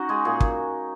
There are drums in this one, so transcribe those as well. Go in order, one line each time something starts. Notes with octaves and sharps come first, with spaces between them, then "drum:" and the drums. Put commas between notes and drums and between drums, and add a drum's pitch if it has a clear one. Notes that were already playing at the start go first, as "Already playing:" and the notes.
Already playing: C#4 D#4 F#4
G#3 G#4
A#2 G#4
drum: kick